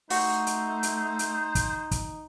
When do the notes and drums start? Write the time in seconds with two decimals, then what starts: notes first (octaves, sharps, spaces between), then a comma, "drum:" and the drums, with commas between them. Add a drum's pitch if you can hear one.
0.10 A3 D#4 F#4 C5, drum: open hi-hat
0.47 drum: hi-hat
0.83 drum: hi-hat
1.19 drum: hi-hat
1.55 drum: kick, hi-hat
1.91 drum: kick, hi-hat